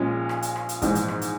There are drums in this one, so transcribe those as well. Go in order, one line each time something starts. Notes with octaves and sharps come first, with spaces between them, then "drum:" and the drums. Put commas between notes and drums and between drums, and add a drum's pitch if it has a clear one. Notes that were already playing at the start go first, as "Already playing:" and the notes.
Already playing: A#1 A#2 G#3 C#4
drum: rim click
drum: hi-hat
drum: rim click
drum: hi-hat
A#1 G#2 E3, drum: kick, hi-hat
drum: hi-hat
drum: rim click
drum: hi-hat